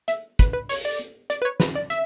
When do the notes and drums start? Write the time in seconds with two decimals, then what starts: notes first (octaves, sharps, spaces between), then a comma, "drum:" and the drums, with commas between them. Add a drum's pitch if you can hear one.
0.08 E5, drum: hi-hat
0.39 B4, drum: kick, hi-hat
0.53 B4
0.69 C#5, drum: open hi-hat
0.85 D5
0.99 drum: hi-hat
1.30 D5, drum: hi-hat
1.42 B4
1.45 C#5
1.60 B4, drum: snare
1.75 D5
1.90 E5, drum: hi-hat